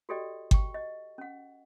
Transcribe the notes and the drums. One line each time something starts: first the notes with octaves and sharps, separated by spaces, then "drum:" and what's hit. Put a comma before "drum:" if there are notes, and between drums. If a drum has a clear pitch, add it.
F#4 G4 A4 D5 D#5 G5
G5 C#6, drum: kick G1
D#5
C#4 F#5